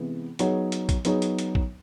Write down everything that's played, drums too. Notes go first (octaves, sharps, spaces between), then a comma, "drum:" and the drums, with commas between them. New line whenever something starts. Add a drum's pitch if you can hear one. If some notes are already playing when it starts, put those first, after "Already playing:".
Already playing: C3 E3 G#3 B3
F#3 B3 D#4 G#4 C#5, drum: hi-hat
drum: hi-hat
drum: kick A#1, hi-hat
F#3 B3 D#4 G#4 C#5, drum: hi-hat
drum: hi-hat
drum: hi-hat
drum: kick A#1